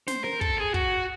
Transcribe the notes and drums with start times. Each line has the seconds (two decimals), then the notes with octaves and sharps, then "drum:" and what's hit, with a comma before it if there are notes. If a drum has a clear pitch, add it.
0.08 C5, drum: snare
0.24 A#4
0.41 A4, drum: kick
0.58 G#4
0.74 F#4, drum: kick